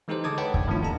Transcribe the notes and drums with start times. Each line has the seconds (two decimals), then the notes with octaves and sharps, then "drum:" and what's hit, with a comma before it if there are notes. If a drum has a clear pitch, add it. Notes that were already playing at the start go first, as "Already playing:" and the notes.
0.08 E3 G#3 D#4 G4 A4 C5
0.24 D3 G#3 A5 D6 D#6 G#6
0.38 B4 C#5 F#5 G5 A5 B5
0.54 G2, drum: kick C#1
0.67 A2 D#3 F3 C4 D4 F4
0.81 D#2 D4 A4 A5 A#5